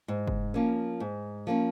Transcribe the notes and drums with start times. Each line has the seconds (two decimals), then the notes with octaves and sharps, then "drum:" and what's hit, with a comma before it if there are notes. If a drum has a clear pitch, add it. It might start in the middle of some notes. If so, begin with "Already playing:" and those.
0.08 G#2
0.28 drum: kick
0.54 F3 A#3 C#4
1.00 G#2
1.47 F3 A#3 C#4